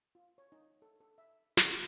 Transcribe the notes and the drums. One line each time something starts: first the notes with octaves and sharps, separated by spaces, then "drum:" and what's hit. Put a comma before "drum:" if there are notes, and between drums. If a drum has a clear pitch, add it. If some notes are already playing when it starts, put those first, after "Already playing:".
F4
C#5
D#4
A4
A4
E5
C#5, drum: snare